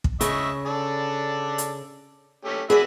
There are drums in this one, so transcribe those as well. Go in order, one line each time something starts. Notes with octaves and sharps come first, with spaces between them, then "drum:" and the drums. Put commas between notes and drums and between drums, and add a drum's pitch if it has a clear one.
drum: kick
C#3 D#5 E5 C#6, drum: hi-hat
A4 D5
drum: hi-hat
A3 C#4 G4
B3 F#4 G#4 B4 D5 E5